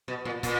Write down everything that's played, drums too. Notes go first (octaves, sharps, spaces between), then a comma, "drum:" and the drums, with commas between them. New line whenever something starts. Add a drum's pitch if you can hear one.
B2
A#2
A#2, drum: kick, hi-hat